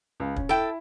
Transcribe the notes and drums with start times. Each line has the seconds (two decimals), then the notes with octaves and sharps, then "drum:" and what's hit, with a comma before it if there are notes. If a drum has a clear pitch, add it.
0.20 C#2
0.36 C#4, drum: kick
0.49 E4 A4 G5